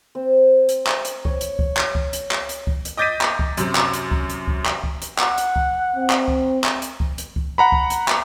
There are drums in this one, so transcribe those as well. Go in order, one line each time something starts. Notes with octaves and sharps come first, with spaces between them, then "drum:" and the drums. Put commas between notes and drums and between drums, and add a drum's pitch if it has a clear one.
C4
drum: hi-hat
drum: clap
drum: hi-hat
C#5, drum: kick C#2
drum: hi-hat
drum: kick C#2
drum: clap
drum: kick C#2
drum: hi-hat
drum: clap
drum: hi-hat
drum: kick C#2
drum: hi-hat
D#5 D6 G6 A6 B6 D#7
drum: clap
drum: kick C#2
F#2 C3, drum: hi-hat
drum: clap
drum: hi-hat
drum: kick C#2
drum: hi-hat
drum: kick C#2
drum: clap
drum: kick C#2
drum: hi-hat
F#5, drum: clap
drum: hi-hat
drum: kick C#2
C4
drum: clap
drum: kick C#2
drum: clap
drum: hi-hat
drum: kick C#2
drum: hi-hat
drum: kick C#2
F#5 A#5 B5
drum: kick C#2
drum: hi-hat
drum: clap